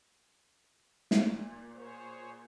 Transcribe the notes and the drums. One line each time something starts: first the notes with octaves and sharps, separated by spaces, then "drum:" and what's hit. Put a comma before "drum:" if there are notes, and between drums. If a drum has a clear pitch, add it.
drum: snare
A#2
G#4 C5 C#5